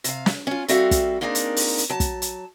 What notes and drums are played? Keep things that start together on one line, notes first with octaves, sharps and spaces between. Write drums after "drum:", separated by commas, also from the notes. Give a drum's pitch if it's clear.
C3 F5, drum: hi-hat
drum: snare
C#4 F4
G3 C4 F#4 A4 E5 F5, drum: hi-hat
drum: kick, hi-hat
A#3 C4 D4 D#4 G#4 A#4
drum: hi-hat
drum: open hi-hat
drum: hi-hat
F#3 A5
drum: kick, hi-hat
drum: hi-hat